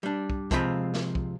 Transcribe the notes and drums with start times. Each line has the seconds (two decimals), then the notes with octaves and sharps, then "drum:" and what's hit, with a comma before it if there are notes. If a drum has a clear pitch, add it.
0.03 G3 D4
0.30 drum: kick
0.51 C3 F3 G#3 C4 F4 B5, drum: kick, hi-hat
0.94 drum: snare
1.15 drum: kick